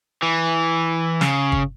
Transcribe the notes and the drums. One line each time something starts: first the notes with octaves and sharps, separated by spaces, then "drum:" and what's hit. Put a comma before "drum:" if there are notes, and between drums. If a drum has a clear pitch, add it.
E3
C#3, drum: snare
drum: kick